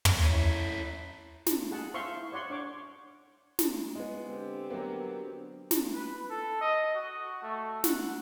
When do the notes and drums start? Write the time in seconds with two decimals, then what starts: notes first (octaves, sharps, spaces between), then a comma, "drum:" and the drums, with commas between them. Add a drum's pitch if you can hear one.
0.05 drum: tom
0.23 C#4 E4
1.46 drum: snare
1.71 G#4 F#5 A5
1.94 C5 E5 F5 C6 C#6
2.17 E4
2.32 C#5 D5 F#5 C6 C#6
2.50 D4 C#5 D6
3.59 drum: snare
3.95 G#3 B3
4.25 D3 C4 G4
4.70 F#3 A#3 B3
5.71 drum: snare
5.94 B4
6.30 A4
6.61 D#5
6.96 F#4
7.42 A3
7.84 F#5, drum: snare